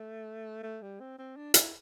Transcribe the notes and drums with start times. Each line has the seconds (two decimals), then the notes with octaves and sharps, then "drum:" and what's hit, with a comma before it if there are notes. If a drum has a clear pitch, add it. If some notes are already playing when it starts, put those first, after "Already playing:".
Already playing: A3
0.63 A3
0.82 G3
1.00 C4
1.19 C4
1.37 D4
1.54 E4, drum: hi-hat